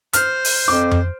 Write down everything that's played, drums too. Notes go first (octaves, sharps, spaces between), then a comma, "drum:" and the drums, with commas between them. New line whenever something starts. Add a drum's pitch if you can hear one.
C5 F6, drum: hi-hat
drum: open hi-hat
F2 D6
drum: tom F2